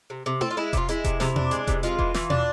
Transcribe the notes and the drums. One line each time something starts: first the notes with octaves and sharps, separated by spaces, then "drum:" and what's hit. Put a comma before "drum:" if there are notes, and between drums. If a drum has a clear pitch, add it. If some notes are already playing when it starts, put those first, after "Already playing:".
C3
C3
C4 A4, drum: tom E4
F4
G#3 E4
C3 F4, drum: kick E1, hi-hat
G#3 E4, drum: hi-hat
C3, drum: kick E1, hi-hat
C3, drum: snare
D4, drum: tom
G#3, drum: hi-hat
C3, drum: kick E1, hi-hat
G#3 F4, drum: hi-hat
E3, drum: kick E1
E3, drum: snare
D4, drum: tom